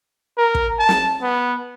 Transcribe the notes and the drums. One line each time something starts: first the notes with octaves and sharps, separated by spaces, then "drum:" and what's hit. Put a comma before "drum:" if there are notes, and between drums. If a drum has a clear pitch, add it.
A#4
drum: kick
A5
drum: snare
B3